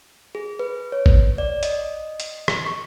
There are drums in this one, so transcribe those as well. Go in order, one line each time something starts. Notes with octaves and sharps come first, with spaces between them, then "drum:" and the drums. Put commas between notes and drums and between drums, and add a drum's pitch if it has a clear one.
G#4
B4
C#5
drum: kick G#1
D5
D#5, drum: hi-hat
drum: hi-hat
drum: rim click
C#6